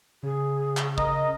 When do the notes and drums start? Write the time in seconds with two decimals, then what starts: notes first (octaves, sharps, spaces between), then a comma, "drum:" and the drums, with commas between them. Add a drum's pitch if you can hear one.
0.23 C#3 G#4
0.77 drum: clap
0.98 A#4 D#5, drum: kick